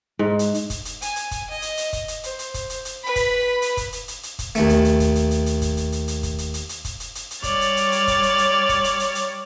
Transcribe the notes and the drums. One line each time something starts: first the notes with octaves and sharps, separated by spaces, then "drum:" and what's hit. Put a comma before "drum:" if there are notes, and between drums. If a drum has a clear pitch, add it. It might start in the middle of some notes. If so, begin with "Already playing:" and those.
G#2
drum: hi-hat
drum: hi-hat
drum: kick, hi-hat
drum: hi-hat
G#5, drum: hi-hat
drum: hi-hat
drum: kick, hi-hat
D#5
drum: hi-hat
drum: hi-hat
drum: kick, hi-hat
drum: hi-hat
C5, drum: hi-hat
drum: hi-hat
drum: kick, hi-hat
drum: hi-hat
drum: hi-hat
B4 B5
drum: kick, hi-hat
drum: hi-hat
drum: kick, hi-hat
drum: hi-hat
drum: hi-hat
drum: hi-hat
drum: kick, hi-hat
D#2 A3, drum: hi-hat
drum: hi-hat
drum: hi-hat
drum: kick, hi-hat
drum: hi-hat
drum: hi-hat
drum: hi-hat
drum: kick, hi-hat
drum: hi-hat
drum: hi-hat
drum: hi-hat
drum: kick, hi-hat
drum: hi-hat
drum: hi-hat
drum: hi-hat
drum: kick, hi-hat
drum: hi-hat
drum: hi-hat
drum: hi-hat
G3 C#5 D5 F6 A6, drum: kick, hi-hat
drum: hi-hat
drum: hi-hat
drum: hi-hat
drum: kick, hi-hat
drum: hi-hat
drum: hi-hat
drum: kick, hi-hat
drum: hi-hat
drum: hi-hat
drum: hi-hat